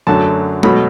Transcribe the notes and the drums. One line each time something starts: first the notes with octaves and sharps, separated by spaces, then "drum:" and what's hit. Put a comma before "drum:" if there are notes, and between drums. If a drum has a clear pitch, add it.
F#2 D3 F#3 A3 A5
B2 F#3 A3 B5, drum: tom G#3